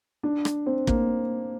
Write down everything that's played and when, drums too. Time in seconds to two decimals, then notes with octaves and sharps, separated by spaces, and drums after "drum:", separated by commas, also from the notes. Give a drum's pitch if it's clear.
0.23 D4
0.45 drum: rim click
0.66 C4
0.87 A#3, drum: kick